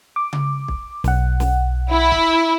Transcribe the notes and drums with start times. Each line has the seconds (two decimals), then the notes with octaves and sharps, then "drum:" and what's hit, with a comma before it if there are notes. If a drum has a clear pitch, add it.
0.16 D6
0.33 drum: tom C#3
0.68 drum: kick
1.04 B1 F#5, drum: snare
1.40 drum: snare
1.91 E4
2.12 drum: kick